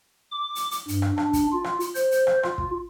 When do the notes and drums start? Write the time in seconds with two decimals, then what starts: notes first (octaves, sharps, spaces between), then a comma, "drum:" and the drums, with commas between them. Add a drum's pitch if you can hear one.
0.31 D6
0.55 drum: hi-hat
0.71 drum: hi-hat
0.88 G2, drum: hi-hat
1.02 drum: rim click
1.18 D4, drum: rim click
1.33 drum: kick, hi-hat
1.52 F4
1.64 drum: rim click
1.80 drum: hi-hat
1.95 C5, drum: hi-hat
2.11 drum: hi-hat
2.27 drum: rim click
2.43 F4, drum: rim click
2.58 drum: kick